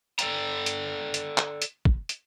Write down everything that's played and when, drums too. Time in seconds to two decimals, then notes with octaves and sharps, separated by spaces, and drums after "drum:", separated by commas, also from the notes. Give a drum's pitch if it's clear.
0.19 A4 D5 E5 G5 A#5, drum: hi-hat
0.66 drum: hi-hat
1.14 drum: hi-hat
1.38 drum: clap
1.62 drum: hi-hat
1.85 drum: kick
2.09 drum: hi-hat